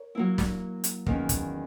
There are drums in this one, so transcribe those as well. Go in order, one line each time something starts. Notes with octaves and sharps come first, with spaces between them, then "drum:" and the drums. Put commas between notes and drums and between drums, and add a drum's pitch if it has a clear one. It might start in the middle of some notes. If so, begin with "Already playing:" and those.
Already playing: A#4 C#5
F#3 A#3 E4
drum: snare
drum: hi-hat
E2 D#3 A#3 C#4, drum: kick
drum: kick, hi-hat